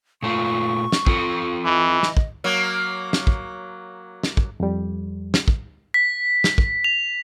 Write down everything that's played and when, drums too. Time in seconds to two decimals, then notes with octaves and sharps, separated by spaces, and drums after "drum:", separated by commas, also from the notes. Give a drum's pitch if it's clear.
0.22 A#2 A3 F4 C#6
0.92 drum: snare
1.06 C4 F4 A4, drum: kick
1.65 E3 D#5
2.03 drum: snare
2.17 drum: kick
2.44 F#3 A#3
3.13 drum: snare
3.27 drum: kick
4.23 drum: snare
4.37 drum: kick
4.60 F2 G3
5.34 drum: snare
5.48 drum: kick
5.94 B6
6.44 drum: snare
6.58 drum: kick
6.84 F7